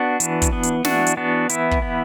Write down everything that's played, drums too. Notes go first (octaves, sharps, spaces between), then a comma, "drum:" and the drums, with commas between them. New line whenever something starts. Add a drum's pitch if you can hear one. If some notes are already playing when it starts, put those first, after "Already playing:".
Already playing: B3 D4 F#4
E3, drum: hi-hat
drum: kick, hi-hat
B3
drum: hi-hat
E3 D4 F#4, drum: snare
drum: hi-hat
B3 D4 F#4
E3 E4, drum: hi-hat
drum: kick
B3